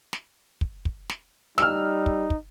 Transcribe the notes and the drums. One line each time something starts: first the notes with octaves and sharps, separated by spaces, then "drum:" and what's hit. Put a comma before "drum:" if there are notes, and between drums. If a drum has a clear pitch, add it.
drum: snare
drum: kick
drum: kick
drum: snare
G3 D#4 E6 F6, drum: snare
drum: kick
drum: kick